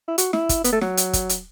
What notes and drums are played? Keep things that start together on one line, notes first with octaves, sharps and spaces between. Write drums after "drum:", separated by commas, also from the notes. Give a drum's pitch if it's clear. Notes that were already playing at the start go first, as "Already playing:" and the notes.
E4
F#4, drum: hi-hat
E4, drum: snare
drum: kick, hi-hat
B3, drum: hi-hat
A3
F#3, drum: snare
drum: hi-hat
drum: kick, hi-hat
drum: hi-hat